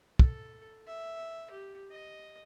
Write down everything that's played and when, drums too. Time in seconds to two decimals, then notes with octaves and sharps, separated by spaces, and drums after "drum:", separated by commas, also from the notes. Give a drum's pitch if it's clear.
0.19 A4, drum: kick
0.87 E5
1.51 G4
1.91 D#5